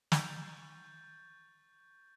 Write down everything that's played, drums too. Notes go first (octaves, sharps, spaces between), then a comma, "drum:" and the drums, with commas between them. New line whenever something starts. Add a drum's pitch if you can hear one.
C#6 G6 A6, drum: snare